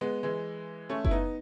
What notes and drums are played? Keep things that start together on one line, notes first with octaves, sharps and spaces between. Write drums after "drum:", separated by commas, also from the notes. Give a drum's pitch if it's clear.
G#3 B3
E3 G#3
A3 C#4
E4, drum: kick F#1
B3 D#4